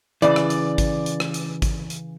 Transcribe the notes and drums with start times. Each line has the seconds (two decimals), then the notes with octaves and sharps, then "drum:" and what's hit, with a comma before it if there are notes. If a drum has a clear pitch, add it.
0.22 C#3 E3 D5, drum: hi-hat
0.36 drum: rim click
0.50 drum: hi-hat
0.78 drum: kick G#1, hi-hat
1.06 drum: hi-hat
1.20 drum: rim click
1.34 drum: hi-hat
1.62 drum: kick G#1, hi-hat
1.90 drum: hi-hat